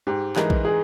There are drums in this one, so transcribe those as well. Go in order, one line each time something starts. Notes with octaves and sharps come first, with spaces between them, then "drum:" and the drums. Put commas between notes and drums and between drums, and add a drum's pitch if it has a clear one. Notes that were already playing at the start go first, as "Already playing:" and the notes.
G#2 G4
E3 G#3 D#4 A#4, drum: clap
drum: kick A#1
G#4